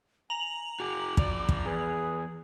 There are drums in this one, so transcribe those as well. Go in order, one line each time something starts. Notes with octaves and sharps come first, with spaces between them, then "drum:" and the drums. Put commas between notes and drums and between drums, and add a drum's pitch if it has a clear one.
G#5 A#5 F7 F#7
F#4 G#4 D6
F3 D5, drum: kick
drum: kick
E2 G#4 B4